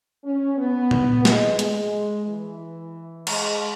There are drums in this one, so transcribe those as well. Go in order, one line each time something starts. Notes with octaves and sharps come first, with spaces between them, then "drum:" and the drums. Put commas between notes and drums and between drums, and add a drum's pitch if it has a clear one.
C#4
B3
drum: tom A#2
G#3, drum: snare
G#3, drum: hi-hat
E3
G#3, drum: cymbal